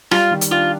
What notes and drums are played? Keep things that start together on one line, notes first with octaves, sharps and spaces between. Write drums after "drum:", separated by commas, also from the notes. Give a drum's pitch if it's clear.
G3 F4, drum: rim click
D#3
drum: hi-hat
D4 F4